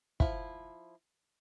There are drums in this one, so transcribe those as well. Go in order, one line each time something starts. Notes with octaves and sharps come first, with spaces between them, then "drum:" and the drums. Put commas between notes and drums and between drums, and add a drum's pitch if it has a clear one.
F3 E4, drum: kick